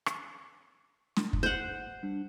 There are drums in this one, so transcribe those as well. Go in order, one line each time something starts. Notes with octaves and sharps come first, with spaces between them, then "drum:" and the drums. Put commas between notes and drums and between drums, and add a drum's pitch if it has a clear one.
drum: rim click
drum: snare
drum: kick
C5 F#5
G3 D4